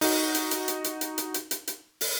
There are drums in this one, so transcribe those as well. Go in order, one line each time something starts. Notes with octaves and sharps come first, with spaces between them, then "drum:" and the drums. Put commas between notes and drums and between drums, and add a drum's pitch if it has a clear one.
D#4 F#4, drum: open hi-hat
drum: hi-hat
drum: hi-hat
drum: hi-hat
drum: hi-hat
drum: hi-hat
drum: hi-hat
drum: hi-hat
drum: hi-hat
drum: hi-hat
drum: open hi-hat